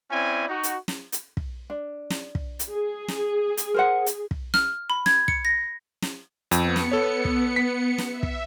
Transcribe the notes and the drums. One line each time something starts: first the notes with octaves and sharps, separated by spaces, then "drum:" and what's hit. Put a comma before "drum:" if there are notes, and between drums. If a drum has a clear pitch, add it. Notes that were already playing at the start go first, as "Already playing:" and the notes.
C4 C#4 E4 D5 G#5
D#4 F#4
drum: hi-hat
drum: snare
drum: hi-hat
drum: kick
D4
drum: snare
drum: kick
drum: hi-hat
G#4
drum: snare
drum: hi-hat
A#4 C5 F#5
drum: hi-hat
drum: kick
F6, drum: snare
B5
G#6, drum: snare
C#7, drum: kick
A#6
drum: snare
F2 B3 C#7, drum: hi-hat
drum: snare
A4 C#5
drum: kick
B6
drum: snare
E5
drum: kick